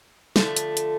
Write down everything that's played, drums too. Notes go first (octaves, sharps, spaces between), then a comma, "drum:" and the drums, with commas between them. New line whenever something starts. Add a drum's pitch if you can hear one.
D3 F3 A3, drum: snare
drum: hi-hat
drum: hi-hat